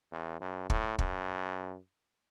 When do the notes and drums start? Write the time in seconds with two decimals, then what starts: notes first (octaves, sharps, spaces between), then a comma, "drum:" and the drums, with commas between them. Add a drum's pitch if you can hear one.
0.12 E2
0.41 F#2
0.70 A2, drum: kick
0.99 F#2, drum: kick